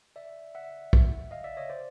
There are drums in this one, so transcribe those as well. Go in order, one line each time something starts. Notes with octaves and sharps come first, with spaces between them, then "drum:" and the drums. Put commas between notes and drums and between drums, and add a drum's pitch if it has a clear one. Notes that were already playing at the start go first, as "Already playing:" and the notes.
D5 E5
E5 F#5
drum: kick
D#5 F5
D5 E5
C#5 D#5
C5 D5